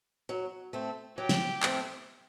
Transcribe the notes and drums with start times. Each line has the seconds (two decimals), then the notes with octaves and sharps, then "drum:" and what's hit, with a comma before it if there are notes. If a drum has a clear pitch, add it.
0.29 F#3
0.73 A3 C4
1.18 F#3 G4
1.29 drum: snare
1.63 A3 C4, drum: clap